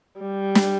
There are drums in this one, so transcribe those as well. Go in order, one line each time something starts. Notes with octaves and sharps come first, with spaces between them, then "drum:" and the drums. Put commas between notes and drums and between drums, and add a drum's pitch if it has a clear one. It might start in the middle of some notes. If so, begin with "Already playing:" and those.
G3
drum: snare